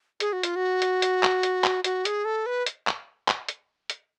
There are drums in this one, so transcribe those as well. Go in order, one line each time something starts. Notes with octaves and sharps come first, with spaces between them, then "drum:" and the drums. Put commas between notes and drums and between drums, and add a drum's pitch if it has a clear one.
G#4, drum: hi-hat
F#4
F4, drum: hi-hat
F#4
drum: hi-hat
drum: hi-hat
drum: clap
drum: hi-hat
drum: clap
F#4, drum: hi-hat
G#4, drum: hi-hat
A4
B4
drum: hi-hat
drum: clap
drum: clap
drum: hi-hat
drum: hi-hat